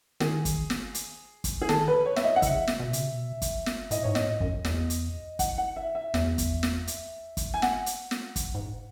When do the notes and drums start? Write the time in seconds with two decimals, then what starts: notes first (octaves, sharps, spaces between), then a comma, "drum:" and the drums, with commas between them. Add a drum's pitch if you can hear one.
0.20 D#3 G#4, drum: snare
0.45 drum: kick, hi-hat
0.70 drum: snare
0.95 drum: hi-hat
1.44 drum: kick, hi-hat
1.61 G#4
1.69 D#3 A4, drum: snare
1.88 B4
2.05 C#5
2.16 E5, drum: snare
2.24 D#5
2.36 F#5
2.42 C#3 E5, drum: kick, hi-hat
2.67 drum: snare
2.80 B2
2.93 C#3, drum: hi-hat
3.07 B2
3.42 drum: kick, hi-hat
3.66 drum: snare
3.91 A2 D#5, drum: hi-hat
4.03 G#2 C#5
4.15 A2 D#5, drum: snare
4.40 F#2, drum: kick
4.65 E2, drum: snare
4.90 drum: hi-hat
5.39 F#5, drum: kick, hi-hat
5.58 F#5
5.76 E5
5.95 E5
6.14 E2, drum: snare
6.38 drum: kick, hi-hat
6.63 drum: snare
6.87 drum: hi-hat
7.37 drum: kick, hi-hat
7.54 G#5
7.62 F#5, drum: snare
7.86 drum: hi-hat
8.11 drum: snare
8.36 drum: kick, hi-hat
8.55 G#2